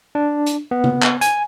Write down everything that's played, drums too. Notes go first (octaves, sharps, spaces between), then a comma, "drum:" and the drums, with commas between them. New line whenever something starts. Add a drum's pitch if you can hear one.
D4
drum: hi-hat
B3
drum: tom C#3
drum: clap
G#5, drum: hi-hat